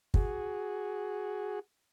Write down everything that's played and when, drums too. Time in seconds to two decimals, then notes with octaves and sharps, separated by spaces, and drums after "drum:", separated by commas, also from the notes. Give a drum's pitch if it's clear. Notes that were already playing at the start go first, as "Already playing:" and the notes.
0.14 F#4 G#4, drum: kick